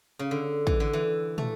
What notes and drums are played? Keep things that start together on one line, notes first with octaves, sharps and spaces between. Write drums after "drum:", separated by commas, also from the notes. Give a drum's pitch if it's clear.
C#3
D3
E3, drum: kick
D3
E3
A3, drum: tom